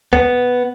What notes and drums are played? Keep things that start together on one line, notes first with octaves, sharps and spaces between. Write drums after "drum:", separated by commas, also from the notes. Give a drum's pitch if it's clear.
B3, drum: kick C#2